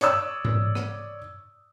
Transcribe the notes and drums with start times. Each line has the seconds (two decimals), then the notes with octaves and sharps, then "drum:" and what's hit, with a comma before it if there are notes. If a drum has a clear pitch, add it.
0.01 C#5 D5 D#6 E6, drum: hi-hat
0.45 drum: tom G#2
0.75 drum: rim click